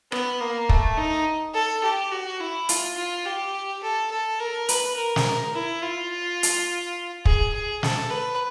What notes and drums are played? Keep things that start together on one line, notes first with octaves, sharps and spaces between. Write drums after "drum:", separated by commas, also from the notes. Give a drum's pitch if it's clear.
B3, drum: rim click
A#3
A3, drum: kick
D#4
A4
G4
F#4
E4
F4, drum: hi-hat
F4
G4
A4
A4
A#4
B4, drum: hi-hat
A#4
drum: snare
E4
F4
drum: hi-hat
G#4, drum: kick
G#4
A4, drum: snare
B4